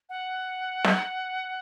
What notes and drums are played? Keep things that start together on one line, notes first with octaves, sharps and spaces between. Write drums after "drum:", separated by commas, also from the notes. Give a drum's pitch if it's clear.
F#5
drum: snare